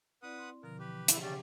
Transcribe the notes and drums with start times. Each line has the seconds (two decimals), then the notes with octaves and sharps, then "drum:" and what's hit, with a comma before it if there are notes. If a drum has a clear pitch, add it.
0.23 C4 E4 B4 D5 F#5 D#6
0.38 C6
0.63 B2 D3 F3 A#4
0.79 E3 F3 G4 B4
1.08 E4 G#4 E5, drum: hi-hat
1.21 C#3 C#4 D4 G4